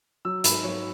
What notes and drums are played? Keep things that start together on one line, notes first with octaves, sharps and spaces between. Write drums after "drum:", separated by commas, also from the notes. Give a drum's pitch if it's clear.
F#3 E6
G#2 B5, drum: hi-hat
F#3 C#5